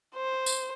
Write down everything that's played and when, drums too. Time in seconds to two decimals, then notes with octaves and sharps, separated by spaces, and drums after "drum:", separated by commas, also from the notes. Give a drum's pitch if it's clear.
0.15 C5
0.46 drum: tambourine